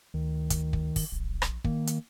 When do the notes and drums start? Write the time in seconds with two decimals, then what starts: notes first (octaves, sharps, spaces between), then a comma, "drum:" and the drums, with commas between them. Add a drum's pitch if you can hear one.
0.14 D2 D#3
0.50 drum: kick, hi-hat
0.73 drum: kick
0.96 drum: kick, open hi-hat
1.12 D1 A#1
1.42 drum: rim click
1.65 D#3 A#3, drum: kick
1.87 drum: hi-hat